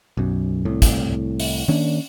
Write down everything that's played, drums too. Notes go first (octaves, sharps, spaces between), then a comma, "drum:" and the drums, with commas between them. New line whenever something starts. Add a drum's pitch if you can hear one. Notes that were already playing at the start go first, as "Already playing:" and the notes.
B1 F#2
C2 A2
drum: kick, hi-hat
drum: open hi-hat
D#3 A#3 C#4 D4